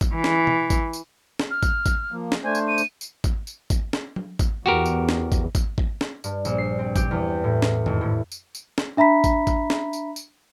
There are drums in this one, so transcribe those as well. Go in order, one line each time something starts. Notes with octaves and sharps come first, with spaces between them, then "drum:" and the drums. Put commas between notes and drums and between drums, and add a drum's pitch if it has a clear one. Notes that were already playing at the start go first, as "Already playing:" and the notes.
drum: kick G#1, tambourine
E3
drum: snare
drum: tom B2
drum: kick G#1, tambourine
drum: tambourine
drum: snare
F6
drum: kick G#1, tambourine
drum: kick G#1, tambourine
F3 A#3
drum: snare
A3 D4 C5 G#5
drum: tambourine
D#7
drum: tambourine
drum: tambourine
drum: kick G#1, tambourine
drum: tambourine
drum: kick G#1, tambourine
drum: snare
drum: tom F#3
drum: kick G#1, tambourine
E2 F#4 G4 A#4
drum: tambourine
drum: snare
drum: kick G#1, tambourine
drum: kick G#1, tambourine
drum: kick G#1
drum: snare
G2, drum: tambourine
A#1, drum: tambourine
C7
C4
G4, drum: kick G#1, tambourine
E2
A2
drum: snare
G#1, drum: tom F2
A2
drum: tambourine
drum: tambourine
drum: snare
D4 E5 A#5 B5 B6
drum: kick G#1, tambourine
drum: kick G#1, tambourine
drum: snare
drum: tambourine
drum: tambourine